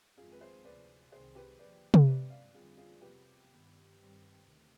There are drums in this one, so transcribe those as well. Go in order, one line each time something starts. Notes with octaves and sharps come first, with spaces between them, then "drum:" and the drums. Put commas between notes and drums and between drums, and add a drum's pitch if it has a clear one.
F2 D#3 G#3 C4 F4 G#4
B4
G#4 C5
D2 C3 F3 B4 D5
C2 C3 D#3 G3 C4 G#4 C5
G4 B4
D#2 D3 F3 B4 D5
drum: tom C3
G2 D3 F3 G#3 C4 B4 D5
D5 F5
F2 D3 G3 C4 F4 G#4
F4 G#4
F2 C3 F3 B3 G4 B4
G2 D#3 B3
G2 D#3 G3 C4
D2 C3 D#3